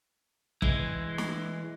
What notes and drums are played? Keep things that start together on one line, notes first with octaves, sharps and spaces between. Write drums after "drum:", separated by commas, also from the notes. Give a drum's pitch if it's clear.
E3 G#3, drum: kick
drum: snare